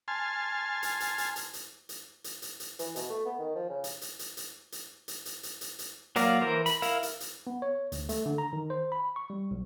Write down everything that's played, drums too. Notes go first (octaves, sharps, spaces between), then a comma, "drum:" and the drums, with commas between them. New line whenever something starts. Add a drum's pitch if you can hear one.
G#5 A5 C6 F6
drum: hi-hat
drum: hi-hat
drum: hi-hat
drum: hi-hat
drum: hi-hat
drum: hi-hat
drum: hi-hat
drum: hi-hat
drum: hi-hat
E3, drum: hi-hat
B2, drum: hi-hat
A3
B3
D#3
F3
C#3
drum: hi-hat
drum: hi-hat
drum: hi-hat
drum: hi-hat
drum: hi-hat
drum: hi-hat
drum: hi-hat
drum: hi-hat
drum: hi-hat
drum: hi-hat
F#3 A#3 A#4 D5 F5, drum: hi-hat
E3 A#4 C5
B5, drum: hi-hat
E4 A#4 F5, drum: hi-hat
drum: hi-hat
drum: hi-hat
B3
C#5
D2, drum: hi-hat
A3, drum: hi-hat
D3
A#5
D#3
C5
B5
C#6
G3
B1